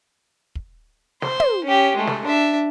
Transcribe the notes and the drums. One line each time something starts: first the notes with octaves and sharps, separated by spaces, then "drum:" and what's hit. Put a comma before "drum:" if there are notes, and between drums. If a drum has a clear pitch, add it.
drum: kick
C5, drum: snare
drum: tom
C#4 G4
G#3 A3
drum: snare
D4 E5